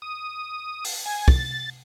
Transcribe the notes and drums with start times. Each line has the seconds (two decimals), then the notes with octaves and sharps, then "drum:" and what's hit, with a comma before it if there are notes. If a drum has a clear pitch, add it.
0.02 D#6
0.85 drum: open hi-hat
1.06 G#5
1.28 A6, drum: kick